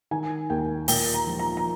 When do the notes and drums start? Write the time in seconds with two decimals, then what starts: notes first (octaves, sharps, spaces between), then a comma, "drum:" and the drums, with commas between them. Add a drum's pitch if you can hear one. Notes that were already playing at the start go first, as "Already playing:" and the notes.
0.11 D#3 G#5
0.50 D#2 G5
0.88 A#2 G5, drum: open hi-hat
1.14 A#5
1.27 F3
1.39 A#5
1.57 A#5